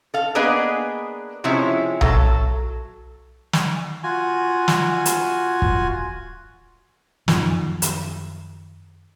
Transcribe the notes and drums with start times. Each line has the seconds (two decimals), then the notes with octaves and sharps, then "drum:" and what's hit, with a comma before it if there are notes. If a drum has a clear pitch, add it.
0.14 A4 F5
0.35 A#3 B3 D4 G#4 B4 D#5
1.44 C3 F3 G#3 C#4 E4
2.01 F#3 A4, drum: tom B1
3.53 drum: snare
4.03 F4 F#4 G#5
4.68 drum: snare
5.06 drum: hi-hat
5.62 drum: kick
7.28 F#2 D#3 F3, drum: snare
7.82 drum: hi-hat